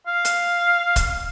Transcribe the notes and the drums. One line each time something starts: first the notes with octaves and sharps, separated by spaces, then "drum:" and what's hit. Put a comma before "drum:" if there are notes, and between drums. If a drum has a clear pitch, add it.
F5
drum: hi-hat
drum: kick, hi-hat